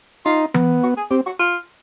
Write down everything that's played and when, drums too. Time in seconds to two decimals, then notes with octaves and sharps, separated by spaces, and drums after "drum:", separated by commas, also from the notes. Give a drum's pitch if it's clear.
0.25 D#4 F4
0.54 B3, drum: tom E3
0.83 F#4
0.97 G#4
1.10 C4 G4
1.26 F#4
1.39 F4